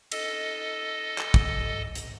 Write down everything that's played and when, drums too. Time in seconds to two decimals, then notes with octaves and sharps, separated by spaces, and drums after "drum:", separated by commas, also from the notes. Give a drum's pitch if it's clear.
0.12 A4 D#5, drum: cymbal
1.18 drum: clap
1.34 drum: kick
1.95 drum: hi-hat